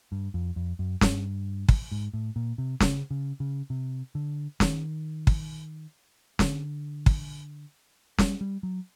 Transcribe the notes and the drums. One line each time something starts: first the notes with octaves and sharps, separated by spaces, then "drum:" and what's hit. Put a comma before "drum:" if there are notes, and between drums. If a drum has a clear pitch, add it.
G2
F2
F2
F#2
G2, drum: snare
drum: kick
G#2
A2
A#2
C3
C#3, drum: snare
C#3
C#3
C3
D3
D#3, drum: snare
drum: kick
D3, drum: snare
drum: kick
G3, drum: snare
G3
F#3